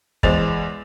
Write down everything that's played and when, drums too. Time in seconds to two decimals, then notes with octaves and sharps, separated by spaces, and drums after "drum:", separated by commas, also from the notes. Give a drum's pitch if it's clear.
0.23 E2 G#3 C5 A6 F7, drum: kick